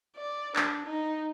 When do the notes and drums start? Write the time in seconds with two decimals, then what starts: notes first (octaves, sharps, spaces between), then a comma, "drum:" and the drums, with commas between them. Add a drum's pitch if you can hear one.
0.16 D5
0.56 D4, drum: clap
0.86 D#4